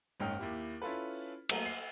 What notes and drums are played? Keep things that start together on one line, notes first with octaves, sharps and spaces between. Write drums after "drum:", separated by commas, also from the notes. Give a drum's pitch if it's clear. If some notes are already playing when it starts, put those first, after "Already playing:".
F#1 G#2 C#4 D#5 G5 F6
D#2 E4 G4
C#4 E4 F4 A4 B4
F#3 A3 A#3, drum: cymbal
C7